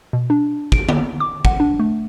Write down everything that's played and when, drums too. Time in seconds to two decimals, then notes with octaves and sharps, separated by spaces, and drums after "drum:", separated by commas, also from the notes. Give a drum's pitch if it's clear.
0.13 B2
0.30 D4
0.72 D7, drum: kick
0.89 B3, drum: tom
1.20 D6
1.45 F#5, drum: kick
1.60 D4
1.79 A3